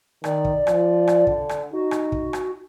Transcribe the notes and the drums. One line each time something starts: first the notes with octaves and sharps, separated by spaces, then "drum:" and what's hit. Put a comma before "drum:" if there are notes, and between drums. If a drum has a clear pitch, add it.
D#3 D5, drum: rim click
drum: kick
F3, drum: rim click
drum: rim click
D3, drum: kick
drum: rim click
D#4 F#4
drum: rim click
drum: kick
drum: rim click